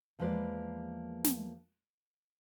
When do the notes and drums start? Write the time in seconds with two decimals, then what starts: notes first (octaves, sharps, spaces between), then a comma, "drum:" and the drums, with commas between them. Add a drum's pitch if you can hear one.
0.19 E2 F3 G#3 A#3 B4 D5
1.24 drum: snare